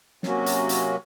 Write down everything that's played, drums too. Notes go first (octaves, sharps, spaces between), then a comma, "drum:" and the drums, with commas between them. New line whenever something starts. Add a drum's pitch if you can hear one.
C3 F#3 A#3 C#4 F#4, drum: snare
drum: hi-hat
drum: hi-hat